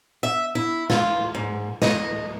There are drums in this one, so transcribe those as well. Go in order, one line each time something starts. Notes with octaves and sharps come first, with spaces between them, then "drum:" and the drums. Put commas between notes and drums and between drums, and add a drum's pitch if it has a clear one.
E5
E4
F4, drum: snare
G#2
D#5, drum: snare